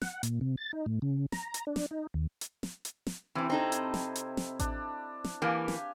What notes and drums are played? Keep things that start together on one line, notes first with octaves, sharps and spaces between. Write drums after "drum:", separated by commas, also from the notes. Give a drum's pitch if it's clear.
F#5, drum: snare
A#2, drum: hi-hat
C3
A6
D#4
A2
C#3
A#5, drum: snare
drum: hi-hat
D4
drum: snare
D#4
D#2
drum: hi-hat
drum: snare
drum: hi-hat
drum: snare
C3 E3 C4 E4
C4 D#4 A4
drum: hi-hat
drum: snare
drum: hi-hat
drum: snare
D4, drum: kick A1, hi-hat
drum: snare
E3 A#3 G4 F5 G#5
drum: snare